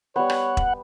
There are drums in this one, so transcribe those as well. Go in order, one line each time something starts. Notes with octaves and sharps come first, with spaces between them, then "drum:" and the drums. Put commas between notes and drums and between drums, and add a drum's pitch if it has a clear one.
G3 B3 C#5 F#5
drum: rim click
drum: kick E1